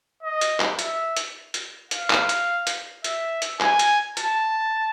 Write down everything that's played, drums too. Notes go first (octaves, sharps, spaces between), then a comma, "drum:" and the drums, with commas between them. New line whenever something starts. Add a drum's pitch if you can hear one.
D#5
drum: hi-hat
drum: clap
E5, drum: hi-hat
drum: hi-hat
drum: hi-hat
F5, drum: hi-hat
drum: clap
drum: hi-hat
drum: hi-hat
E5, drum: hi-hat
drum: hi-hat
G#5, drum: clap
drum: hi-hat
A5, drum: hi-hat